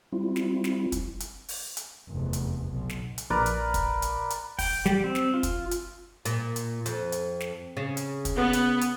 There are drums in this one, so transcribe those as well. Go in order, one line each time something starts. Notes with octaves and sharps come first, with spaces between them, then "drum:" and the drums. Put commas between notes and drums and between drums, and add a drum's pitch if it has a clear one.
G3 C4 E4 F4
drum: snare
drum: snare
drum: kick, hi-hat
drum: hi-hat
drum: open hi-hat
drum: hi-hat
F1 E2
drum: hi-hat
B1
drum: snare
drum: hi-hat
A#1 A#4 B4 D5
drum: hi-hat
drum: kick, hi-hat
drum: hi-hat
drum: hi-hat
G5, drum: kick, open hi-hat
G3, drum: snare
C4
drum: snare
F4
drum: kick, hi-hat
drum: hi-hat
A#2, drum: hi-hat
drum: hi-hat
F2, drum: hi-hat
drum: hi-hat
drum: snare
C#3
drum: hi-hat
drum: kick, hi-hat
B3
drum: hi-hat
drum: hi-hat